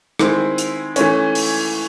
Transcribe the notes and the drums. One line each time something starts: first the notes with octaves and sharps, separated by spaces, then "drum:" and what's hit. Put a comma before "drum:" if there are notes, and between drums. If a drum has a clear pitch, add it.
D#3 G#3 C4 E4, drum: rim click
drum: hi-hat
E3 A3 C#4, drum: hi-hat
drum: open hi-hat